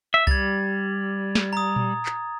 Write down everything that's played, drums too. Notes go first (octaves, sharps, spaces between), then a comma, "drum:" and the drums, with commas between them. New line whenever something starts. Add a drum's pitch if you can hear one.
E5
G3 G#6 A6, drum: kick C2
drum: snare
A#5 D#6
drum: tom A#2
drum: clap